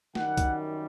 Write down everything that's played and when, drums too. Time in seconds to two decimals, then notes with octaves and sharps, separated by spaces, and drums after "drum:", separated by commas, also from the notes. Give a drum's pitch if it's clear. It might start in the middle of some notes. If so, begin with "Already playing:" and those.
0.15 F#2 D#3 G3 F#5, drum: snare
0.37 drum: kick, hi-hat